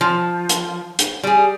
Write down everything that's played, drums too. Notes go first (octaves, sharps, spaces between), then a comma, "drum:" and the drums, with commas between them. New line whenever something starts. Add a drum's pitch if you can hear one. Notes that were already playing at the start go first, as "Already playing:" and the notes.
F3
drum: hi-hat
drum: hi-hat
G3 G#4